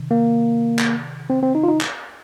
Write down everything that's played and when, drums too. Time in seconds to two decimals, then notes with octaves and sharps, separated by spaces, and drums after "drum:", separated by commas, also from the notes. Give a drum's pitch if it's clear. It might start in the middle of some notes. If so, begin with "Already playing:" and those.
Already playing: C3 D#3
0.11 A#3
0.79 drum: clap
1.30 C4
1.43 C4
1.55 D#4
1.64 F4
1.68 D#4
1.81 drum: clap